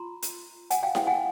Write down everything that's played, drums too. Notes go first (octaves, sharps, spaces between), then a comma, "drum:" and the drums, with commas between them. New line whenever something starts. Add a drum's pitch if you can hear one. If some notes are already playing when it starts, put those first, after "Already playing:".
Already playing: F4 A#5 C6
drum: hi-hat
F#5 G#5, drum: hi-hat
F5 G5
F5 G5, drum: snare E4
F#5 G#5